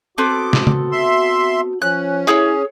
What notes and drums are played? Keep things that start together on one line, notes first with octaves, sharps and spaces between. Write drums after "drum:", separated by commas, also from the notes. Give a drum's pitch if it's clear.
B3 C4 F#4 A4 D6
drum: snare
drum: tom C#3
E5 C6
F3 C#4 F#6
E4 G#4 C#5, drum: clap